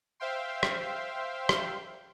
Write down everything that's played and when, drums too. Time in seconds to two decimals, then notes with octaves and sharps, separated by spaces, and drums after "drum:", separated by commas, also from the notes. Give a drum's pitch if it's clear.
0.20 C5 E5 F5 G5 C6
0.63 drum: rim click
1.49 drum: rim click